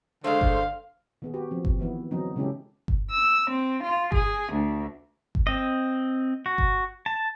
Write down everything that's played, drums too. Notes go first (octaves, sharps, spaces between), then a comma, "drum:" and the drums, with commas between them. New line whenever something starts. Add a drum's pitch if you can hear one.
D3 G#3 A3 A4 C5 F5
drum: kick G1
D#3 B3 G#4
F#4 G4 B4
F3 C4
drum: kick G1
D#3 E3 B3 E4
D3 E3 F#3 B3 C4 D#4
C#3 G#3 C#4 E4 G4 A4
drum: kick G1
E6
C4
F4
G#4, drum: kick G1
D2
drum: kick G1
C4 D#5
F#4
drum: kick G1
A5